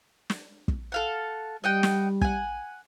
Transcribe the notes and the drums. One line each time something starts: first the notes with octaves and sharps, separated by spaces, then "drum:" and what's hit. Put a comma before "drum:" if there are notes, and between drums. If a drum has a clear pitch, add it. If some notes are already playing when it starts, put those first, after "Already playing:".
drum: snare
drum: kick
A4 F5 F#5
G3 D#5 F#5 G5
drum: snare
F#5 G#5, drum: kick